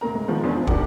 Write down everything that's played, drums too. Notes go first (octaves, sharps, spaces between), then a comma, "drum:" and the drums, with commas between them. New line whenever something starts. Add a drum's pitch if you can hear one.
D2 A#2 A#4 A#5
G#2
D#3 F3 G#3 B3
E2 B3 C#4 D4 C5 C#5
E2 F3
C#2 D4 G4 A#4 F#5 D6, drum: kick